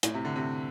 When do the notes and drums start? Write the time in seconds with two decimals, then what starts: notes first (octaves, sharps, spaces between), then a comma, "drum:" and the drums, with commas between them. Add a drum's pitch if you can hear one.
0.03 A2, drum: hi-hat
0.14 C3
0.25 D3
0.36 C3